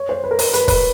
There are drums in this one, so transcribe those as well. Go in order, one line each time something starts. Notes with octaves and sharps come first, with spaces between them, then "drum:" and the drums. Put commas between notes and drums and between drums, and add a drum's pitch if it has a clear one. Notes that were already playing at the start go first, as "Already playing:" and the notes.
Already playing: C#5
C5
B4
A#4
B4, drum: open hi-hat
B4, drum: hi-hat
B4, drum: kick, open hi-hat